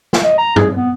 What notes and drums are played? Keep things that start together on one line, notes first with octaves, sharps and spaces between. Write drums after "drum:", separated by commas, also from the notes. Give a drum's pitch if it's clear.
drum: snare
D#5
A#5
G#4, drum: tom G2
B3